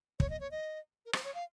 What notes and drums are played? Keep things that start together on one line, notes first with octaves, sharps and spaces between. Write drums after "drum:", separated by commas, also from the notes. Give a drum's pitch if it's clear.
C#5, drum: kick
D#5
C#5
D#5
A#4
C5, drum: rim click
C#5
F5